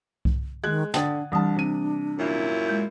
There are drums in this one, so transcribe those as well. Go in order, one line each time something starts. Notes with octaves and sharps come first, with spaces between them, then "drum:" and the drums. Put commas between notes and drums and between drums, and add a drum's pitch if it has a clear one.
drum: kick C2
D#3 G#3 F#6 G#6
D3 D4 G5 A5 D#6 A6, drum: snare
C2 E3 G3 D4 A5 D#6
C3 D#7
F#2 A#2 E4
G#3 G6